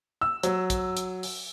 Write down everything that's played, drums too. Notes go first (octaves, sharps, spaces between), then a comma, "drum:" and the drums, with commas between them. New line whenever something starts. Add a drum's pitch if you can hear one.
E6
F#3, drum: hi-hat
drum: kick, hi-hat
drum: hi-hat
drum: open hi-hat